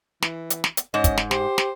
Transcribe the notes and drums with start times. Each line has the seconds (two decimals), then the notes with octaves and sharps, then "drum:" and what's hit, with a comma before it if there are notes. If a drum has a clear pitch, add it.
0.22 E3, drum: snare
0.50 drum: hi-hat
0.64 drum: snare
0.77 drum: hi-hat
0.94 G#2 C#4 D#5
1.04 drum: kick, hi-hat
1.17 drum: snare
1.31 G4 C5, drum: snare
1.58 drum: snare